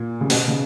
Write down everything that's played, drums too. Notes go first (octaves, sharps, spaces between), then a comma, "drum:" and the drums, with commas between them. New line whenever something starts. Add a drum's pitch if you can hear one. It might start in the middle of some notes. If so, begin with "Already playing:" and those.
Already playing: A#2
C#3
B2, drum: open hi-hat
C#3